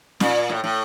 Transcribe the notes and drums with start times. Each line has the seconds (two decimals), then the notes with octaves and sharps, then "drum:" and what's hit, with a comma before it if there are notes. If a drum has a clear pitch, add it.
0.20 A#2, drum: snare C#4
0.50 A2
0.64 A2